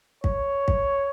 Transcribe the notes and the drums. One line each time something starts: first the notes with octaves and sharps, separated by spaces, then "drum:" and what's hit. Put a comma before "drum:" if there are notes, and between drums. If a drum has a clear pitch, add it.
C#5, drum: kick
drum: kick